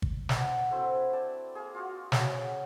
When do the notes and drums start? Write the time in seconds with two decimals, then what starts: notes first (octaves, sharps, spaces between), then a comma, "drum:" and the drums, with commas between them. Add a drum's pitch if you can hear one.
0.02 drum: kick
0.29 B3 D4 F#5, drum: snare
0.71 A3 C4 E4 F#4
1.13 D5 G5 A5
1.55 A#3 G#4
1.74 F4 F#4
2.12 C#4 F#4 G#4 F5, drum: snare